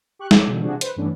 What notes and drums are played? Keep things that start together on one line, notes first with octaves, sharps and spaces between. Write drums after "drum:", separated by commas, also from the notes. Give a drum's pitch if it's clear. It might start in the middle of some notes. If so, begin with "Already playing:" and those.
G4 C#6 F#6
F3 C#5 D6, drum: snare
B2 D3 E3
C3 F3 D4 F#4 G#4
B4 C5, drum: hi-hat
G2 E3 A3 B3 C#4 D4